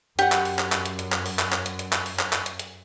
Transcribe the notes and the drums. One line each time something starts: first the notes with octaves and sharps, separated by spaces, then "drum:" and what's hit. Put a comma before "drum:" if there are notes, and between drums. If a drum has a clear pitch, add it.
F#2 G4 F#5, drum: hi-hat
drum: clap
drum: open hi-hat
drum: clap
drum: clap
drum: hi-hat
drum: hi-hat
drum: clap
drum: open hi-hat
drum: clap
drum: clap
drum: hi-hat
drum: hi-hat
drum: clap
drum: open hi-hat
drum: clap
drum: clap
drum: hi-hat
drum: hi-hat